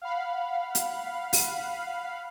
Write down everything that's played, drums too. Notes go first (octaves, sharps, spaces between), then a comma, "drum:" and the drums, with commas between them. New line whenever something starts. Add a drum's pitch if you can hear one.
F5 F#5 B5
drum: hi-hat
drum: open hi-hat